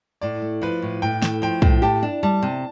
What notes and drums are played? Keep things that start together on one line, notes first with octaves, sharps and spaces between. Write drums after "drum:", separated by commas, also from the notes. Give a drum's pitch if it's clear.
A2 D5
A3
F3 B4
A2
A2 G5
A3, drum: snare
F3 G5
A2, drum: kick
G4 A5
D4
G3 A5
C3